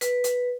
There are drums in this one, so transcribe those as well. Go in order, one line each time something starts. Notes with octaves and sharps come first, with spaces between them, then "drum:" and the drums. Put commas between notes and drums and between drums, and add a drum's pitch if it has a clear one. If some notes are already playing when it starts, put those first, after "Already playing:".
B4, drum: hi-hat
drum: hi-hat